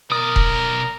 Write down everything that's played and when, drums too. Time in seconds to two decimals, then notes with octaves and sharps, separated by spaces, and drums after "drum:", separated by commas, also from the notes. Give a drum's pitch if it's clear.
0.12 B1 A#4 D5 D#6
0.36 drum: kick D#1